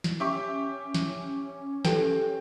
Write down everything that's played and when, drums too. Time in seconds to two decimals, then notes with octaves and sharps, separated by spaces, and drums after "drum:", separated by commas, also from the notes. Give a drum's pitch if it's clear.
0.04 drum: snare
0.20 C#4 G4 E5 C#6 D6
0.94 drum: snare
1.85 G4 A4 B4 G5, drum: snare